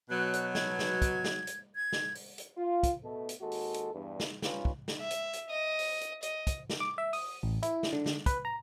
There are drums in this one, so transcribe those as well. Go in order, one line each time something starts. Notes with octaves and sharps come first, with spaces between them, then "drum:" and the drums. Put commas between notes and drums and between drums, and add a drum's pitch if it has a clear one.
B2 F#3 F#6
drum: hi-hat
G#6, drum: snare
drum: snare
drum: kick, hi-hat
drum: snare
drum: hi-hat
G#6
drum: snare
drum: open hi-hat
drum: hi-hat
F4
drum: kick, hi-hat
B2 A3
drum: hi-hat
D#2 G#3 F#4 A4
drum: open hi-hat
drum: hi-hat
E2 G2
drum: snare
G2 C#4 D#4 F4 B4, drum: snare
drum: kick
drum: snare
E5
drum: hi-hat
drum: hi-hat
D#5
drum: open hi-hat
drum: hi-hat
D#5, drum: hi-hat
drum: kick, hi-hat
drum: snare
D6
E5
D#6, drum: open hi-hat
A1
E4, drum: hi-hat
drum: snare
D3
drum: snare
B4, drum: kick, hi-hat
A#5